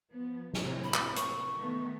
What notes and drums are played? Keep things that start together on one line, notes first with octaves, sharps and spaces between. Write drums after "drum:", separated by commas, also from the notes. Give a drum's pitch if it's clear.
F3 B3
A2 C3 A#3, drum: snare
B5
drum: clap
C#6, drum: hi-hat
D#3 A3 B3